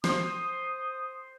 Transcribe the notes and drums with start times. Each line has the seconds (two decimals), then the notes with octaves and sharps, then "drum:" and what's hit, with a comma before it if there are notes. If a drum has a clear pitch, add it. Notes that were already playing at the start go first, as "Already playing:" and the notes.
0.04 C5 D#6, drum: snare